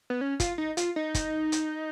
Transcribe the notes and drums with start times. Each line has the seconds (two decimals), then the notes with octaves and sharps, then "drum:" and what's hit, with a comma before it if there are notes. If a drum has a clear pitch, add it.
0.10 B3
0.21 C#4
0.40 F4, drum: kick, hi-hat
0.58 D#4
0.77 F4, drum: hi-hat
0.96 D#4
1.15 drum: kick, hi-hat
1.52 drum: hi-hat